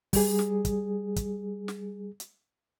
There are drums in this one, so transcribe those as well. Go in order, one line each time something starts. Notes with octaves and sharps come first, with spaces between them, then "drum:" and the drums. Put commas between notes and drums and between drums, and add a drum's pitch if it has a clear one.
G3 G#4, drum: kick, open hi-hat
drum: snare
drum: kick, hi-hat
drum: kick, hi-hat
drum: snare
drum: hi-hat